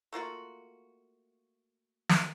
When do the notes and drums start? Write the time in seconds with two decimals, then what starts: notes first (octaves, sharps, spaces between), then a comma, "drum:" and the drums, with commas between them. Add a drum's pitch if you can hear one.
0.12 A3 A#3 F4 F#4
2.09 drum: snare